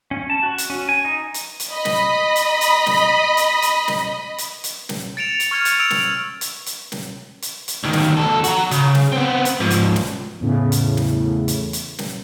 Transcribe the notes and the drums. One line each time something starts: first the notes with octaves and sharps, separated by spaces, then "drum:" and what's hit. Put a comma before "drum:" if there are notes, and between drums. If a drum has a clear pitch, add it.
C#4
A5
F#4
drum: hi-hat
C#4
G#5
D#4
drum: hi-hat
drum: hi-hat
D#5 B5
drum: snare
drum: hi-hat
drum: hi-hat
drum: snare
drum: hi-hat
drum: hi-hat
drum: snare
drum: hi-hat
drum: hi-hat
drum: snare
A6 C#7 D7 E7 F7
drum: hi-hat
C#6 F6 G#6 C#7 F7
drum: hi-hat
E6 D7 F7
drum: snare
drum: hi-hat
drum: hi-hat
drum: snare
drum: hi-hat
drum: hi-hat
D2 D#3
drum: snare
E2 A4
F#4 A#5, drum: hi-hat
C#3, drum: hi-hat
drum: snare
B3 C4
drum: hi-hat
G#2 F3
drum: hi-hat
drum: snare
E2 A2 C#3
drum: hi-hat
drum: snare
drum: hi-hat
drum: hi-hat
drum: snare